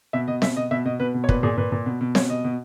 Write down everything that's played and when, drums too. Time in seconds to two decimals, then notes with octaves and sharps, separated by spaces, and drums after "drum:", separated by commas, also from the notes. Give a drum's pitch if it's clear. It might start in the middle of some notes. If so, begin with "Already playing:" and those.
0.13 B2 E5
0.28 B2 D#5
0.42 B2 E5, drum: snare C4
0.56 B2 D#5
0.71 B2 E5
0.85 B2 D#5
1.00 B2 B4
1.14 B2
1.24 C#5
1.29 A#2 B4, drum: kick
1.43 A#2 G#4
1.57 A#2 B4
1.72 A#2
1.86 B2
2.01 B2
2.15 B2 C#5, drum: snare C4
2.29 B2 D#5
2.44 B2